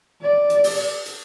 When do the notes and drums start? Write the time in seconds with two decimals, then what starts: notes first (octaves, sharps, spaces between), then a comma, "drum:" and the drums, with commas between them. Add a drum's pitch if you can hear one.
0.22 D5
0.50 drum: hi-hat
0.64 drum: open hi-hat
1.06 drum: hi-hat